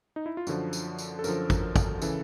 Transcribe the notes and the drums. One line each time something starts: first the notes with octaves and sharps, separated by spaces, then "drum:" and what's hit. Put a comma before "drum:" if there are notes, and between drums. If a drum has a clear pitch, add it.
D#4
E4
F4
F#2 D3 F3 F#4, drum: tambourine
drum: tambourine
drum: tambourine
A4
F#2 D3 F3 A#4, drum: tambourine
drum: kick, tambourine
drum: kick, tambourine
C#3 E3 A4, drum: tambourine